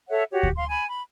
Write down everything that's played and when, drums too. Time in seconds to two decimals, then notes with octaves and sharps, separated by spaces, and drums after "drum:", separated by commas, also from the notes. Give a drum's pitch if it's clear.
0.09 A4 C#5 E5 F#5
0.32 F#4 G4 C#5
0.43 drum: kick D2
0.55 F5 C6
0.69 G#5 B5
0.87 B5